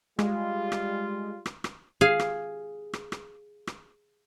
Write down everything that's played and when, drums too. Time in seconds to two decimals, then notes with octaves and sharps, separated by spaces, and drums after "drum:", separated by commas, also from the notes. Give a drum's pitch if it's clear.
0.19 G3 G#3 F4, drum: rim click
0.72 drum: rim click
1.46 drum: rim click
1.64 drum: rim click
2.01 G#4 F5 G#5
2.20 drum: rim click
2.93 drum: rim click
3.12 drum: rim click
3.67 drum: rim click